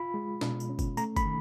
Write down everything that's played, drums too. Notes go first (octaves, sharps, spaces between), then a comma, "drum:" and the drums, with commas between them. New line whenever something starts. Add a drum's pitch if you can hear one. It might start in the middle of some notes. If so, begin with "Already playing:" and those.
Already playing: F4 B5
G#3
B2, drum: snare D4
drum: tambourine
C#4
drum: kick, tambourine
A3 A#5, drum: tambourine
B5, drum: kick, tambourine
D#3